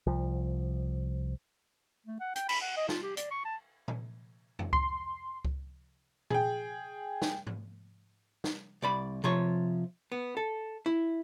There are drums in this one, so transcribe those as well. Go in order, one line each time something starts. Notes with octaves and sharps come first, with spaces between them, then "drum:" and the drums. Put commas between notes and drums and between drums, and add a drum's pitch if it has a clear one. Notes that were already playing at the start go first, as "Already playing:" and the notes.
C2 F3
A3
F#5
G5, drum: hi-hat
B5, drum: cymbal
F#5
D#5
F4, drum: snare
G4
D5, drum: hi-hat
C#6
A5
drum: tom A#2
drum: tom F2
C6, drum: kick C#2
drum: kick C#2
G#4 G5, drum: tom A#2
drum: snare
drum: tom G#2
drum: snare
C2 D5 B5
C3 F3 C#5
B3
A4
E4